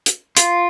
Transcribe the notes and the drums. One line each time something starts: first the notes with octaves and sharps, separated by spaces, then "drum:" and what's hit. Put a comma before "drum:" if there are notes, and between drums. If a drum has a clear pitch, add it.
drum: hi-hat
F4, drum: hi-hat